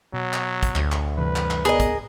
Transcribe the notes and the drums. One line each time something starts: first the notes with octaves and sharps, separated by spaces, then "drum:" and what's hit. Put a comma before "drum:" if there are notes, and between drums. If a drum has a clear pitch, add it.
B2 F#3
drum: clap
drum: kick, hi-hat
D2, drum: clap
drum: clap
G2 C3 E3 B4
drum: clap
drum: clap
B3 G#4 A#4 D#5
drum: kick, hi-hat